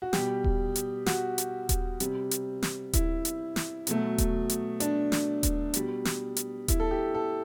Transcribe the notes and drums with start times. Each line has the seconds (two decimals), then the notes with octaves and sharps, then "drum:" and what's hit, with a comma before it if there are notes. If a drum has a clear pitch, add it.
0.02 F#4
0.13 B2 G3 G4, drum: snare
0.44 drum: kick D#1
0.76 drum: hi-hat
1.06 F#4, drum: snare
1.38 drum: hi-hat
1.69 drum: kick D#1, hi-hat
2.00 C3 G3, drum: hi-hat
2.31 drum: hi-hat
2.63 drum: snare
2.93 E4, drum: kick D#1, hi-hat
3.25 drum: hi-hat
3.56 drum: snare
3.87 B2 F#3 A3, drum: hi-hat
4.18 drum: kick D#1, hi-hat
4.50 drum: hi-hat
4.80 D4, drum: hi-hat
5.12 drum: snare
5.43 drum: kick D#1, hi-hat
5.74 B2 G3, drum: hi-hat
6.05 drum: snare
6.37 drum: hi-hat
6.68 E4, drum: kick D#1, hi-hat
6.80 A4
6.91 G4
7.15 A4